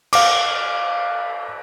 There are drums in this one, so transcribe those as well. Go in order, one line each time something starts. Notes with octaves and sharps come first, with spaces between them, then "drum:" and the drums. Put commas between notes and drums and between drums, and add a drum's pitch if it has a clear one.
F5 D6, drum: cymbal